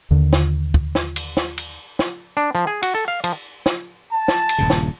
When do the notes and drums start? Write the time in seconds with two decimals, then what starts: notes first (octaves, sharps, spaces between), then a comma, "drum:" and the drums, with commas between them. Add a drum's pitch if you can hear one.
0.11 D#2 D3
0.33 drum: snare
0.74 drum: kick
0.95 drum: snare
1.16 drum: cymbal
1.37 drum: snare
1.58 drum: cymbal
1.99 drum: snare
2.37 D4
2.55 F3
2.67 G#4
2.83 F#4, drum: cymbal
2.95 A4
3.08 F5
3.24 F3, drum: cymbal
3.66 drum: snare
4.12 A5
4.28 drum: snare
4.49 drum: cymbal
4.58 D#1 G2 C#3
4.70 drum: snare